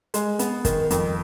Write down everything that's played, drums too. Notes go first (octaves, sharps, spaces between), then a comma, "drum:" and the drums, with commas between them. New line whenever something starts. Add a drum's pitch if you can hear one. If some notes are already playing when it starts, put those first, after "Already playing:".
G#3, drum: hi-hat
B3, drum: hi-hat
D#3, drum: kick, hi-hat
F2, drum: hi-hat